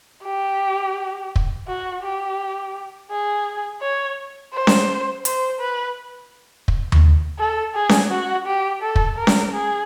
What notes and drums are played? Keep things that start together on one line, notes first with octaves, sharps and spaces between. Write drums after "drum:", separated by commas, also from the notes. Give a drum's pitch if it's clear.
G4
drum: kick
F#4
G4
G#4
C#5
C5
drum: snare C#4
C5, drum: hi-hat
B4
drum: kick
drum: tom D#2
A4
G#4
drum: snare C#4
F#4
G4
A4
drum: kick
A#4
drum: snare C#4
G#4